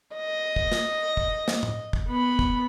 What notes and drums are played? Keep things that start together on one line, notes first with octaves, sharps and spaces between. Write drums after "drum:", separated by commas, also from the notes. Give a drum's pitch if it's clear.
D#5
drum: kick
drum: snare
drum: kick
drum: snare
drum: tom A2
drum: kick
B3 B5
drum: kick